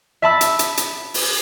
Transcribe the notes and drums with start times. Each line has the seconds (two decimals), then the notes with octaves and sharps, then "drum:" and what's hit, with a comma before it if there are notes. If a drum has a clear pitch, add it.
0.22 E5 A5 B5 E6
0.41 drum: hi-hat
0.59 drum: hi-hat
0.77 drum: hi-hat
1.14 drum: open hi-hat